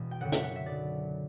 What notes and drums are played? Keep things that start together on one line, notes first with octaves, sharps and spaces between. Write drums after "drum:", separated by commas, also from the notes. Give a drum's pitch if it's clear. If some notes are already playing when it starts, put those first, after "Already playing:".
Already playing: E1 E2 B2 E3
G5
F#1 F#2 D3 F#5
E5, drum: hi-hat
F#5
E5
B1 B2 D5